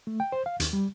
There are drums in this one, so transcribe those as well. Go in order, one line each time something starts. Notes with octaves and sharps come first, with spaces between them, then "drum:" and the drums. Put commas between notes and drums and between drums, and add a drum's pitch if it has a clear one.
A3
G5
C5
F5
D#2, drum: hi-hat
G3